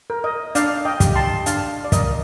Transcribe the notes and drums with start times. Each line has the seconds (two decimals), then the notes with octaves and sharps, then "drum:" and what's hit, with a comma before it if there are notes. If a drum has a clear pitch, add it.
0.10 A#4
0.24 D#5
0.55 D4 D5 F5, drum: hi-hat
0.85 D#5 G5
1.00 G4, drum: kick, hi-hat
1.16 A5 C6
1.46 D4 F5 A5, drum: hi-hat
1.84 D5
1.92 A#4 D#5, drum: kick, hi-hat